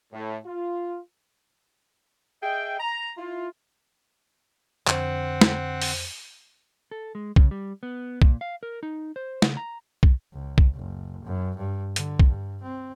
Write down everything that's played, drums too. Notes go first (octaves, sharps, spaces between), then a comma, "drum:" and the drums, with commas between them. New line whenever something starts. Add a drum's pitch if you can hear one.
A2
F4
G#4 D#5 E5 G5
A#5
E4 F4
F2 D3 C4 C5 F#5, drum: clap
drum: snare
drum: open hi-hat
A4
G#3
C#3, drum: kick B1
G3
B3
A#2, drum: kick B1
F5
A#4
D#4
C5
C#3, drum: snare
A#5
drum: kick B1
C#2
drum: kick B1
F#1
F#2
G2
D3, drum: hi-hat
drum: kick B1
G2
C4